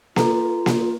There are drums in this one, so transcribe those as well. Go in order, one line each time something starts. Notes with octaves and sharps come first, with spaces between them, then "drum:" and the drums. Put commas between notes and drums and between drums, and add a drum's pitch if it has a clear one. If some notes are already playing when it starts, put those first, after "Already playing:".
F4 A4 B4 A#5, drum: snare A#3
drum: snare A#3